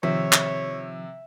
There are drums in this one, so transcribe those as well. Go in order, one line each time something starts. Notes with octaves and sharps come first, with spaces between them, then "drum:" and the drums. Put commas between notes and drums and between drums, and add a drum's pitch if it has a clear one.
C3 D#3 F3 C#5 E5
drum: clap